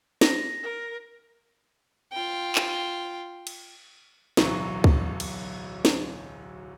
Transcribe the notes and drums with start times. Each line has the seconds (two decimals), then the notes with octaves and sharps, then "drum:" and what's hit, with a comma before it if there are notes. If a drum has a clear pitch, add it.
0.21 A#6, drum: snare
0.63 A#4
2.13 F4 G5
2.55 drum: clap
3.47 drum: cymbal
4.37 D1 B1 E3 F#3 A#5 C#6, drum: snare
4.84 drum: kick
5.20 drum: cymbal
5.85 drum: snare